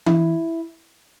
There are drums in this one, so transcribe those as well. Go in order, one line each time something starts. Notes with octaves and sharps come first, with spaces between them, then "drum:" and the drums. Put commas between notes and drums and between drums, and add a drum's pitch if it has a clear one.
E4, drum: tom E3